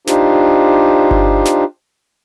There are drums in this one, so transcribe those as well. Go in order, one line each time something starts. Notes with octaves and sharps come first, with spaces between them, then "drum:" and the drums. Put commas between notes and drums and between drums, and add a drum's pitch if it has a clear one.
D4 D#4 F4 G4 C5, drum: snare
drum: kick G1
drum: snare